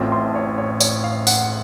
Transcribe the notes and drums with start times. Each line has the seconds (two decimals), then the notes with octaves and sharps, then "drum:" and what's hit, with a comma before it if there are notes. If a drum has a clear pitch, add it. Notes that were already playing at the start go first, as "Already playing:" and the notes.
Already playing: A1 A2 A3 C4 F4 A5
0.12 C6
0.35 C#5
0.58 C#5
0.80 C#5, drum: tambourine
1.04 F5
1.27 F#5, drum: tambourine